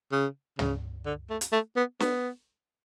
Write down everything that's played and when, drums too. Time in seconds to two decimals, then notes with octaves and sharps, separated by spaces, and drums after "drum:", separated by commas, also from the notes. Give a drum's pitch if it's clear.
0.12 C#3
0.59 C#3, drum: tom
1.06 D3
1.30 A3
1.41 drum: hi-hat
1.52 A3
1.77 B3
2.00 B3, drum: snare